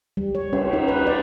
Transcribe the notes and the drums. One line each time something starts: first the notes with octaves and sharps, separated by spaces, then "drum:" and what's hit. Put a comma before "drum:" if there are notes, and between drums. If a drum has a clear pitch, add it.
G3
C#5
C#4, drum: cymbal
D#4
B4
D5